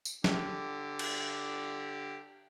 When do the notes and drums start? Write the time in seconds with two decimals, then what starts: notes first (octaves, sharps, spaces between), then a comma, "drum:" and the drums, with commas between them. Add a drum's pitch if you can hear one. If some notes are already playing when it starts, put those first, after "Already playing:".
0.05 drum: tambourine
0.24 D3 G4, drum: snare
0.99 drum: cymbal